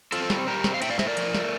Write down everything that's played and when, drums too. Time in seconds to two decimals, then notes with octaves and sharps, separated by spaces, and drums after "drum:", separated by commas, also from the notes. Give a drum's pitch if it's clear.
0.12 C4 F4 A4, drum: cymbal
0.30 G3, drum: snare
0.47 G3 G4 A#4
0.64 C4, drum: snare
0.74 F5
0.82 A2 E5 G5, drum: cymbal
0.90 D5 F5
0.99 A3 C5 E5, drum: snare
1.08 A#4 D5
1.17 F3, drum: cymbal
1.34 A3, drum: snare